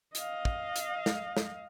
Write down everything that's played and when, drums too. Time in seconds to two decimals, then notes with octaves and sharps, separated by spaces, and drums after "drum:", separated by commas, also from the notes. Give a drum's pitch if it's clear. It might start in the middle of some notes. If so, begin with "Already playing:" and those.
0.15 D#5 F5, drum: hi-hat
0.45 drum: kick
0.76 drum: hi-hat
1.06 drum: snare
1.37 drum: snare